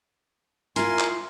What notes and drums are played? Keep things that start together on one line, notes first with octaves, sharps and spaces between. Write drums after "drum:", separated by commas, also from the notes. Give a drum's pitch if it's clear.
E4 F4 A#4 G#5 C6, drum: hi-hat
drum: clap